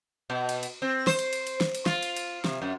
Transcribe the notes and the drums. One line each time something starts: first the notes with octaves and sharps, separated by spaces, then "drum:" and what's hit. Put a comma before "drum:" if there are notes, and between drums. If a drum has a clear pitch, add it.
B2
drum: cymbal
drum: cymbal
C4
C5, drum: snare
drum: cymbal
drum: cymbal
drum: cymbal
drum: snare
drum: cymbal
F4, drum: snare
drum: cymbal
drum: cymbal
C3, drum: snare
F#2